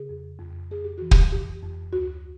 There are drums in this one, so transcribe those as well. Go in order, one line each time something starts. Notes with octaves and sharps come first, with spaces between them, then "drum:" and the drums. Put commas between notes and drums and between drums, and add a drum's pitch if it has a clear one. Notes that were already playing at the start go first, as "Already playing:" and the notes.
Already playing: C#3 G#4
F2
F2
F2 G#4
G4
E3 F#4
G4, drum: kick
F2 G4
F2
D2 F#4